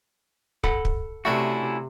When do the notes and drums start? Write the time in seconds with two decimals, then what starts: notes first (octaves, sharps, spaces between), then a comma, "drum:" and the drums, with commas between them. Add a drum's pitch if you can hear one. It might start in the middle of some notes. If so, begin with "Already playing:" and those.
0.64 A4 F#5 B5, drum: kick
0.85 drum: kick
1.25 C3 A3 C#4 D4 E4 F#4